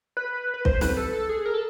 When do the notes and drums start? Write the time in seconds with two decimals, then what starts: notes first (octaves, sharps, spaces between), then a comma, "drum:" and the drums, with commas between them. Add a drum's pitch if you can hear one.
0.17 B4
0.54 B4
0.65 C5, drum: kick
0.81 B4, drum: snare
0.97 A4
1.13 A4
1.29 G#4
1.46 A#4
1.54 A4